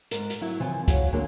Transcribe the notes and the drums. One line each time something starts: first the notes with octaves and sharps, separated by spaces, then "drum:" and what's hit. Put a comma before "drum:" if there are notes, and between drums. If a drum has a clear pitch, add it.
G#2 A#4, drum: hi-hat
drum: hi-hat
F#3 E4
C#3 E3 F3 C4
F#4 C#5 F5, drum: kick, hi-hat
D3 F#3 A#3 D4 G#4